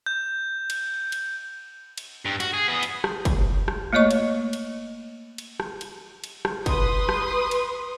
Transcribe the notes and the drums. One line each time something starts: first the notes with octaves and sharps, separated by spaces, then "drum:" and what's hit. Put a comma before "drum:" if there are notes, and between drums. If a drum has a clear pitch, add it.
G6
drum: cymbal
drum: cymbal
drum: cymbal
G2
F#4, drum: cymbal
G#4
B3 G#4
drum: cymbal
drum: rim click
drum: kick, cymbal
drum: rim click
A3 A#3 C#5 D#5 C#6
drum: cymbal
drum: cymbal
drum: cymbal
drum: rim click
drum: cymbal
drum: cymbal
drum: rim click
B4 C6 D#6, drum: kick, cymbal
drum: rim click
drum: cymbal